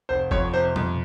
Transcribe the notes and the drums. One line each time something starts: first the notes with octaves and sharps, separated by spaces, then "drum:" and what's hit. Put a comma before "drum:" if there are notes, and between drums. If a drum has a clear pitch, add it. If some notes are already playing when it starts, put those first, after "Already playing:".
F1 C5
F2 C#5, drum: kick
C3 C5
F2, drum: tom B2